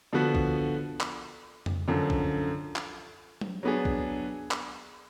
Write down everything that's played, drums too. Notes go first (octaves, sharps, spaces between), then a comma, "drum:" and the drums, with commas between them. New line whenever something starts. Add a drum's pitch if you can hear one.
D3 F3 B3 F#4
drum: kick
drum: clap
drum: tom F2
F#2 D3 F3
drum: kick
drum: clap
drum: tom F#3
F#3 B3 D4 G#4
drum: kick
drum: clap